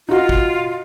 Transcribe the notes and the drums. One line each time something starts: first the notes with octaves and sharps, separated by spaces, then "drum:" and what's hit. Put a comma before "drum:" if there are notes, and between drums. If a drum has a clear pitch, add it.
D#4 F4 F#4
drum: kick